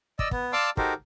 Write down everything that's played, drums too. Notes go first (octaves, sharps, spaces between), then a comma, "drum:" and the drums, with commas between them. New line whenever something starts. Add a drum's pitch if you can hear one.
D5 D#5 E6, drum: kick
B3, drum: kick
D5 F5 A5 C6 D6 E6
D#4 F#4 G4 A4 A#4 C5, drum: kick